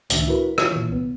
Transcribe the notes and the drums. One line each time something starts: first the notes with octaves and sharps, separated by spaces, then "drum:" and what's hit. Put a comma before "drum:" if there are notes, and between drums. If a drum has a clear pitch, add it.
C#2 A2 D#3 D4 E5, drum: hi-hat
E4 F#4 A#4 B4 B5
E4 F4 C#5, drum: rim click
A#2 E3
C2 B3